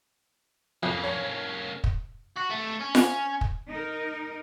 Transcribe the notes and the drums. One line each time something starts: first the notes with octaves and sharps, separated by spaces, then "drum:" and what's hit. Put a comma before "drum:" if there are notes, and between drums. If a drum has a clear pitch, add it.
F2 A#3 C#4
C#5
drum: kick
F#4
A3
C#4
drum: snare F4
drum: kick
D#4 A#4